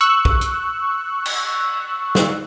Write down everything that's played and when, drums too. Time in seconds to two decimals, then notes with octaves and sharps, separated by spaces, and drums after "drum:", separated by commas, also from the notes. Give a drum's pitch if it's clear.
0.01 C#6 E6 F#6
0.25 drum: kick
0.41 drum: hi-hat
1.26 drum: cymbal
2.15 drum: snare